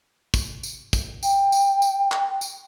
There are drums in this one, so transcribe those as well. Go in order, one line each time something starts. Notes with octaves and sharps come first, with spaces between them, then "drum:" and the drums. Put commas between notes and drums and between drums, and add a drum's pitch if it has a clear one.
drum: kick, tambourine
drum: tambourine
drum: kick, tambourine
G5, drum: tambourine
drum: tambourine
drum: tambourine
drum: clap
drum: tambourine